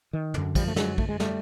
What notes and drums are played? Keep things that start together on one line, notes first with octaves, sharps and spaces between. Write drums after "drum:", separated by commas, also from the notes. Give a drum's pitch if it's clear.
D#3
F#2 D3, drum: tom
F3 G3, drum: kick, cymbal
A3
F#3 G#3, drum: snare
A3, drum: kick
G#3
G3 A3, drum: snare